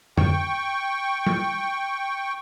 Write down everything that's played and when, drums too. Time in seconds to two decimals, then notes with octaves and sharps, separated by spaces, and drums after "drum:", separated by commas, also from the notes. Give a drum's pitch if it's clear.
0.18 G5 C#6, drum: tom
1.27 drum: tom